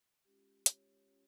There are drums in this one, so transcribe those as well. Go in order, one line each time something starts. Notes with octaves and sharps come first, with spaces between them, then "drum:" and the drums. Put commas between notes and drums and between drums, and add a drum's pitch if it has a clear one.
G#3 C#4 F4 G4
C#5, drum: hi-hat
G#3 C#4 F4